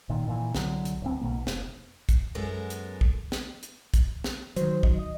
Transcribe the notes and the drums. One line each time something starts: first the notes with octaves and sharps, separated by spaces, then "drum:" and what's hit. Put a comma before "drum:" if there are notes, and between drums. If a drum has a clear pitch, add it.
A#2 D#3
A#2 E3
C2 D3 F#3, drum: snare
drum: hi-hat
D1 C4
B1 G#2 B2 A#3
F1, drum: snare
drum: kick, hi-hat
F#2 G#3 B3 A4 A#4
drum: hi-hat
drum: kick
drum: snare
drum: hi-hat
drum: kick, hi-hat
drum: snare
D#3 F#3 C5, drum: hi-hat
D#5, drum: kick
D#5